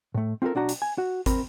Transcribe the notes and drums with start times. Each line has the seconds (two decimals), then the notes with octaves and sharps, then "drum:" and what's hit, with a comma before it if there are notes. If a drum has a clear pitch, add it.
0.15 A2 A3
0.42 C4 F4 G4 A4 A#4
0.55 B1 D4 F#4 A#5
0.69 drum: hi-hat
0.82 G#5
0.98 F#4
1.26 C4 A#4 B5, drum: kick, hi-hat